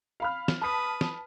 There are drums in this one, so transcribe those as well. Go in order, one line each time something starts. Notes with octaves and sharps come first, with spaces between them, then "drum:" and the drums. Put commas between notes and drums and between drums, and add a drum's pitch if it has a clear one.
F5 B5 F6
drum: snare
B4 A5 D#6 B6
drum: snare